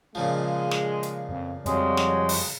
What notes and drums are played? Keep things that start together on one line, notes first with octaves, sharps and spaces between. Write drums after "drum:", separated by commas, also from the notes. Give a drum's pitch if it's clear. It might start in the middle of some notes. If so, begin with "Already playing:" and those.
A#2 C#3 F3 G#3
drum: snare
drum: hi-hat
F2
F2 G3 G#3 F#4 C#5, drum: hi-hat
drum: snare
drum: open hi-hat